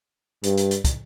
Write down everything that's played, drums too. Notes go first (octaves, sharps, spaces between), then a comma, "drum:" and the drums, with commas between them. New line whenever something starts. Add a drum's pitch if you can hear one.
G2, drum: hi-hat
drum: hi-hat
drum: hi-hat
drum: kick, hi-hat